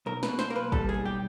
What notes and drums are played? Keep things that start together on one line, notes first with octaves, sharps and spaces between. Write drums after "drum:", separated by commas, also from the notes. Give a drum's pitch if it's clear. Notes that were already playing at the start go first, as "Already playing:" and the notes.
B1 A#4
B4, drum: snare
B2
C5, drum: snare
A#3 A#4
B4
G3 A4, drum: kick
G#4
B1
G4